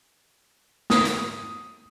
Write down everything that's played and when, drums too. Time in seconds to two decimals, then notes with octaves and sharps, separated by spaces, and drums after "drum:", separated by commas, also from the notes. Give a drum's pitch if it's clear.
0.90 D#6, drum: snare
1.05 drum: hi-hat